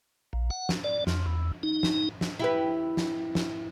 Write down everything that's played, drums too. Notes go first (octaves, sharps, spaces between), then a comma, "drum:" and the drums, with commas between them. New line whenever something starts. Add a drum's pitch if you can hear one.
A#1
F#5
drum: snare
D5
F2, drum: snare
E2
D#4
drum: snare
drum: snare
E4 G4 B4
drum: snare
drum: snare